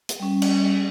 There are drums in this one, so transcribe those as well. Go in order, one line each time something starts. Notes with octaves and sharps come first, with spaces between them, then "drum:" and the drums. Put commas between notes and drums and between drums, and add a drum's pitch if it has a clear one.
drum: hi-hat
G3 C#4
drum: cymbal